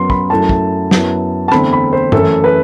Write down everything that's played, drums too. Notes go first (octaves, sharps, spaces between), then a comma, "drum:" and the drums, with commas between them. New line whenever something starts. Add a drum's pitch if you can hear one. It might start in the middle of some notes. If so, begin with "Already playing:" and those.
Already playing: F#2 F#3 B3 C6
B5, drum: kick
F#2 F#3 A3 E4 A5
drum: kick
F#2 F#3 B3 E4, drum: snare
A5
E2 D3 A3 C4 B5, drum: rim click
B5
C5
F#2 E3 A3 E4 A4, drum: tom G2
B4